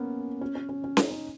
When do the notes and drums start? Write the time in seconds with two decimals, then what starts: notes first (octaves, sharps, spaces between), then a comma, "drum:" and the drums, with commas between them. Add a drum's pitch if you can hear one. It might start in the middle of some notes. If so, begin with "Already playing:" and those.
Already playing: A#3 B3 C#4
0.41 C#4
0.55 C#4
0.69 C#4
0.84 C#4
0.97 D#4, drum: snare C#4
1.11 C#4